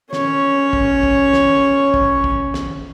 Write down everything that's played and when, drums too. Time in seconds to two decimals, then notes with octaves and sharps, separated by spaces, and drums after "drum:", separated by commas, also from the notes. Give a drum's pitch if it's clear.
0.13 C#4 C#5, drum: snare
0.73 drum: kick
1.03 drum: kick
1.33 drum: snare
1.94 drum: kick
2.24 drum: kick
2.54 drum: snare